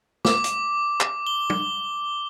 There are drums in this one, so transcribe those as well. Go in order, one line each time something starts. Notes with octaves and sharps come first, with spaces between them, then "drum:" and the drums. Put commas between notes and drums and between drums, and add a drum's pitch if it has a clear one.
D6, drum: snare
drum: hi-hat
drum: clap
G7
drum: tom